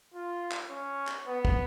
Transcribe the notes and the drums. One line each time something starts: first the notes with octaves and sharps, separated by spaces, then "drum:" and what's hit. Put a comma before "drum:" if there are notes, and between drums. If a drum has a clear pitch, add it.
F4
drum: clap
C#4
drum: clap
B3
drum: kick